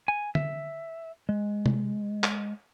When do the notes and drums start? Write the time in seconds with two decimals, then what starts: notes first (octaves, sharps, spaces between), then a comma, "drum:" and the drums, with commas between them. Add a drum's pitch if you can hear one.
0.08 G#5
0.35 E5, drum: tom
1.29 G#3
1.66 drum: tom C3
2.23 drum: clap